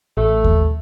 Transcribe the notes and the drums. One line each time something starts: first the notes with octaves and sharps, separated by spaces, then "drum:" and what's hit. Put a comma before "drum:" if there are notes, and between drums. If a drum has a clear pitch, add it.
A1 A3
drum: kick D#2